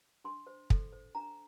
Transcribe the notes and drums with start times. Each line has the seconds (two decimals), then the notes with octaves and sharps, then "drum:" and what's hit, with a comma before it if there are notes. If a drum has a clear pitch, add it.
0.24 D4 C6
0.47 C5
0.70 A4, drum: kick
0.92 C5
1.15 D4 A#5